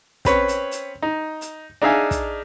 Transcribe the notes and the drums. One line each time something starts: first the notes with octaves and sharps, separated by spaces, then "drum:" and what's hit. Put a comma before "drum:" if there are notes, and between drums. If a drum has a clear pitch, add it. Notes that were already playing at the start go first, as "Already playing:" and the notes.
C4 C#4 B4 C#5, drum: kick, hi-hat
drum: hi-hat
drum: hi-hat
D#4
drum: hi-hat
D4 D#4 G#4 E5 F5 G#5
drum: kick, hi-hat